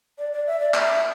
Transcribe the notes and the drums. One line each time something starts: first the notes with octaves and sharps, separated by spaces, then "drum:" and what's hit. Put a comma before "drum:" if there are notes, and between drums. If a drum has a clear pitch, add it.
D5
D5
E5
D5
E5, drum: clap